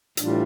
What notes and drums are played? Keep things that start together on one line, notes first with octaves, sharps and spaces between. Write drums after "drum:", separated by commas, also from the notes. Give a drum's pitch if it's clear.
A2 E3 G3 D4 F4, drum: hi-hat